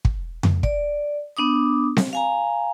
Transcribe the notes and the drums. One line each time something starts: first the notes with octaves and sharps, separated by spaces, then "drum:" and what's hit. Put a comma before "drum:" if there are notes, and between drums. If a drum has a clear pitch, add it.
drum: kick
drum: tom F2
D5, drum: kick
B3 D4 D6 D#6
drum: snare C4
F5 G#5 A#5